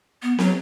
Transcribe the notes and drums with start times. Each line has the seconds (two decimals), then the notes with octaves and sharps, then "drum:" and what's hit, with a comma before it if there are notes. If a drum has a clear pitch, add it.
0.23 B3
0.39 F#3, drum: snare C4